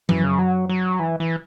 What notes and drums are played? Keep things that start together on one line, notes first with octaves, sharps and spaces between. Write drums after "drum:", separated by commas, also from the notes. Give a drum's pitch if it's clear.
F#2 E3, drum: tom F3
C#3
F#3
F#3
E3
E3